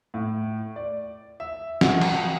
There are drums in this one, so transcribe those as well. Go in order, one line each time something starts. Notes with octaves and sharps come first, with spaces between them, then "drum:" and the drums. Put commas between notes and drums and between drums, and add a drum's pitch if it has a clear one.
A2
D5
E5
F#4, drum: snare
drum: cymbal